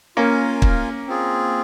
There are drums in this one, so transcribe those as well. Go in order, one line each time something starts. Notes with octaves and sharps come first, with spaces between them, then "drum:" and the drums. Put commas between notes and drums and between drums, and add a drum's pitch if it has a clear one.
A#3 C#4 F4 A#4 F5 G#5
drum: kick
C4 F4 G#4